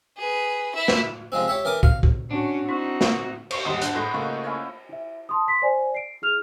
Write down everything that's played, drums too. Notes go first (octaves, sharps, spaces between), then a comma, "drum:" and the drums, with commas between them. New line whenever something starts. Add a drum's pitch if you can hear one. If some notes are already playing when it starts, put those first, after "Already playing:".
G#4 B4
E4 E5
drum: snare
C3 F3 G#3 C4
G4 C#5 E5
E3 A#4 D6 D#6
F5, drum: kick
drum: kick
C#4 D4 F#4
C4 D#4 E4 F#4
drum: snare
C5 C#6 C7, drum: cymbal
D#2 G#2 G3 D#4 F#5 C6 D#6
D4 F#6 G6, drum: hi-hat
A2 G#3 B4 C6 D#6 A#6
C#3 A3 A#3 D#4 F4 C#6
C#4 E4 C#5
E4 E5
A5 C6 D#6
C6 B6
C5 D5 G#5
C7 D7
E4 G#4 F6 F7